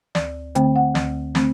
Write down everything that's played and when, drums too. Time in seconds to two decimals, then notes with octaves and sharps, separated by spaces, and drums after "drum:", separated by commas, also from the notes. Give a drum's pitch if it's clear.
0.15 D2 D5, drum: snare
0.55 D3 A3 C4 G5, drum: hi-hat
0.76 F#5
0.95 D2, drum: snare
1.35 D3 A3 C4, drum: snare